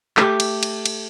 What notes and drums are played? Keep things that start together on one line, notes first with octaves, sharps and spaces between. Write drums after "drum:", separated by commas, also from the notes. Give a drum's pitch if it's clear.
A3 G4, drum: clap
drum: cymbal
drum: cymbal
drum: cymbal